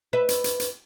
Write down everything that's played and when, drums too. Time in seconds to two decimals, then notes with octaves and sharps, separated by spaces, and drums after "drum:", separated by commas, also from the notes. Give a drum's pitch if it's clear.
0.13 B4 E5
0.29 drum: hi-hat
0.44 drum: hi-hat
0.60 drum: hi-hat